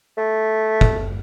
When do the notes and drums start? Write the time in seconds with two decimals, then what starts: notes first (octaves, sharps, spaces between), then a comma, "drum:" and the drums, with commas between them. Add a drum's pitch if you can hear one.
0.18 A3
0.81 drum: kick